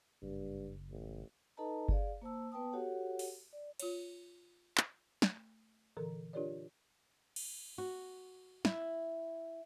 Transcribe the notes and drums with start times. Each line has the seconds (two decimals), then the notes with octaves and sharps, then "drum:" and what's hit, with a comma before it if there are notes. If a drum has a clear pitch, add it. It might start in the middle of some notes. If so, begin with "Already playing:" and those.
0.22 F#1 G2
0.90 A1
1.57 D#4 A4 B4 D#5 A5 A#5
1.89 G#4 D5 F5, drum: kick G1
2.22 A#3 C5 A5 E6
2.52 B3 B4 G5 A5 D#6
2.73 F#4 G4 A4 C#5 F#5
3.19 drum: open hi-hat
3.53 D5
3.80 F4 C#5, drum: cymbal
4.78 drum: clap
5.22 A3, drum: snare
5.97 A#2 D3 E3 A4 A#4 A#5
6.33 D4 F4 G4 A#4 C#5 D5
7.36 drum: cymbal
7.78 F#4
8.65 E4, drum: snare